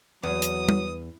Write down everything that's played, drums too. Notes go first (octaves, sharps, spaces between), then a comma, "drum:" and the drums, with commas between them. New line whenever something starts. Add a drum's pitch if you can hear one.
E2 F#3 B4 D#6
drum: hi-hat
drum: tom